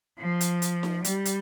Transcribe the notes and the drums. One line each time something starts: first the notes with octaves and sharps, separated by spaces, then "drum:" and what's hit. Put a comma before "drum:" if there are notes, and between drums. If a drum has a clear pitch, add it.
F3
drum: hi-hat
drum: hi-hat
drum: snare D#4
G3, drum: hi-hat
drum: hi-hat